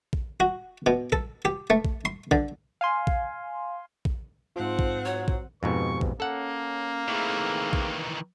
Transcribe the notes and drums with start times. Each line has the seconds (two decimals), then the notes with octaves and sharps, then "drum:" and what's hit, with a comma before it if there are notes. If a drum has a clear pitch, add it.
0.13 drum: kick
0.40 F#4
0.86 B2
1.12 A4, drum: kick
1.45 G4
1.70 A3
1.85 drum: kick
2.05 C6
2.31 D3, drum: kick
2.81 F5 G#5 C6
3.07 drum: kick
4.05 drum: kick
4.56 G#2 F3 C4 F4 F#5
4.79 drum: kick
5.05 F#3 C#5
5.28 drum: kick
5.63 F2 G#2 B2 G4 B4 C5 C#6
6.01 drum: kick
6.20 A#3 C#4 A4 F#5
7.08 D#3 E3 A3 C4 G#4
7.73 drum: kick